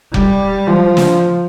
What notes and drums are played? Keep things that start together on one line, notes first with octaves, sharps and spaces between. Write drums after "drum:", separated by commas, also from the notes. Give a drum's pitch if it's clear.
G3, drum: kick F1
F3
drum: snare